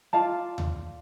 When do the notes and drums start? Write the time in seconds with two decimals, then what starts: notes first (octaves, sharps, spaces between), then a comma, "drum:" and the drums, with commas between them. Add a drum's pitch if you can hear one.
0.13 F4 D5 F5 A5
0.58 drum: tom D#2